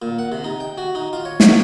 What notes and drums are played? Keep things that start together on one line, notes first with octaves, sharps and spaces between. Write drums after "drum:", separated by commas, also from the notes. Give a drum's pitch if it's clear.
A#2
F#5
C3
D#4
G5
F#4
D#4
F4
C#5
C#5, drum: snare